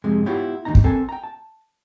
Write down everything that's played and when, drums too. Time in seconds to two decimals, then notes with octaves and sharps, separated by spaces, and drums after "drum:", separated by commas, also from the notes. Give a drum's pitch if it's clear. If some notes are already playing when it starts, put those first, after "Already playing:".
0.04 F2 C3 G#3
0.26 B3 E4 F4 G4 C#5 E5
0.65 D#2 B2 D4 D#4 A#5
0.75 drum: kick
0.84 C4 A4 A#4 G#5
1.09 G5 A#5
1.24 A5